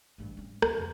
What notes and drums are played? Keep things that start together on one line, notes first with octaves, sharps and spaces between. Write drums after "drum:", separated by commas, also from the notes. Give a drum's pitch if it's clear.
A1 G2
G3 C#4
D2, drum: rim click
F2 D3